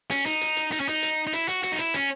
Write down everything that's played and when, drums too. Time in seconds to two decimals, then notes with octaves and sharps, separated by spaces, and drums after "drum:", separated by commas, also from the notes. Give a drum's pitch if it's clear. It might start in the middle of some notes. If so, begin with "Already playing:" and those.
0.11 C#4, drum: hi-hat
0.26 D#4, drum: hi-hat
0.41 drum: hi-hat
0.57 drum: hi-hat
0.72 D#4, drum: hi-hat
0.80 C#4
0.89 D#4, drum: hi-hat
1.02 drum: hi-hat
1.27 D#4
1.33 E4, drum: hi-hat
1.48 F#4, drum: hi-hat
1.64 F#4, drum: hi-hat
1.72 D#4
1.79 E4, drum: hi-hat
1.94 C#4, drum: hi-hat